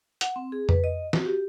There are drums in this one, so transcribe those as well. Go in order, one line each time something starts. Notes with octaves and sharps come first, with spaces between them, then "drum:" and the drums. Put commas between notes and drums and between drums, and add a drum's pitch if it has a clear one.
F#5, drum: hi-hat
C4
G#4
B4, drum: tom F2
D#5
F#4, drum: snare
G4